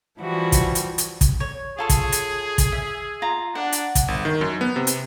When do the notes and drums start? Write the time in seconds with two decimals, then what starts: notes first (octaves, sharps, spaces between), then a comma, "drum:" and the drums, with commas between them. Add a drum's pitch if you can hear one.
0.20 E3 F3 G3 F#4
0.52 drum: kick, hi-hat
0.75 drum: hi-hat
0.98 drum: hi-hat
1.21 drum: kick, hi-hat
1.40 C#5
1.78 F4 G#4 A4 C#5
1.89 drum: kick, hi-hat
2.12 drum: hi-hat
2.58 drum: kick, hi-hat
2.72 E5
3.22 F4 A#5
3.55 D4 F#5
3.72 drum: hi-hat
3.95 drum: kick, hi-hat
4.08 G1
4.25 D#3
4.41 F#2
4.61 B3
4.76 C3
4.87 drum: hi-hat